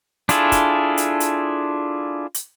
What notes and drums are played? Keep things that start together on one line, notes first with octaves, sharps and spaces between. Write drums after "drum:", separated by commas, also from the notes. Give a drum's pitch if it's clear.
D4 E4 F4 G#4 A4, drum: hi-hat
drum: kick, hi-hat
drum: hi-hat
drum: hi-hat
drum: hi-hat